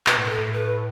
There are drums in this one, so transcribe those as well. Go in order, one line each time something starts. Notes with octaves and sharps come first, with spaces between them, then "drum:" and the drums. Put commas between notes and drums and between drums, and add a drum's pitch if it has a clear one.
B2 B4, drum: clap
A2
B4
A4
A2
B4